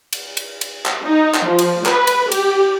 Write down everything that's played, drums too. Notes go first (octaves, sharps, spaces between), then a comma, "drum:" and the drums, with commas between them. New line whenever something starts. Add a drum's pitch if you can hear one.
drum: cymbal
drum: cymbal
drum: cymbal
drum: clap
D#4
drum: clap
F3
drum: cymbal
B4, drum: clap
drum: cymbal
G4, drum: cymbal